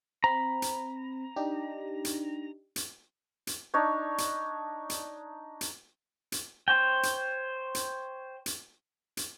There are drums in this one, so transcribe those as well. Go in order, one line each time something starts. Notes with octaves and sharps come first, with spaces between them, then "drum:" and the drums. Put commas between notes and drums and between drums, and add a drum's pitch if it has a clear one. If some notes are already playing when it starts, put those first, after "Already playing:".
C4 A#5 B5
drum: hi-hat
D4 D#4 G4
drum: hi-hat
drum: hi-hat
drum: hi-hat
D4 D#4 C#5
drum: hi-hat
drum: hi-hat
drum: hi-hat
drum: hi-hat
C5 C#5 G5
drum: hi-hat
drum: hi-hat
drum: hi-hat
drum: hi-hat